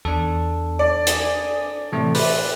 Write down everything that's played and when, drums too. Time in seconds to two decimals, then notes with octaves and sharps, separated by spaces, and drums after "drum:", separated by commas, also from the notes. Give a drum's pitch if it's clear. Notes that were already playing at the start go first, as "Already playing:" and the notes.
0.05 E2 D4 A4
0.79 D5
1.07 G#5 D#6, drum: hi-hat
1.92 A2 C3 E3 A3
2.15 B4 C5 D5, drum: open hi-hat